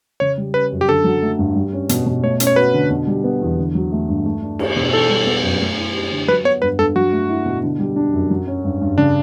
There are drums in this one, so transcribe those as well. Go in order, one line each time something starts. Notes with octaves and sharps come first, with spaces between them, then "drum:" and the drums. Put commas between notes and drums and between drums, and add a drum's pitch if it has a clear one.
C#3 C#5
G3
C#4 B4
F#2
G4
D3 A4
F#3
A3
G2
G3
C#4
B2, drum: hi-hat
B2
A3 C#5
C#4, drum: hi-hat
C#5
F#4 B4
D3
B2
G3
B3
E2
D3
F#3
A3
G2
A3
D4
G4, drum: cymbal
B2
E3 A4
G3
B3
F#2
A3
E4
G4
D3
F#3 B4
B3 C#5
G2 B4
G2 A4
F#3 F#4
A3
E4
B2
D3
G3
D4
F#2
F#3
C#4
G2
G2
C#3 D4